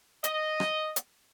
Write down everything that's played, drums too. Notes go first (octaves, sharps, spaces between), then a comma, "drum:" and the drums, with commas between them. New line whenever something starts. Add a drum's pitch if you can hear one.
D#5, drum: hi-hat
drum: rim click
drum: hi-hat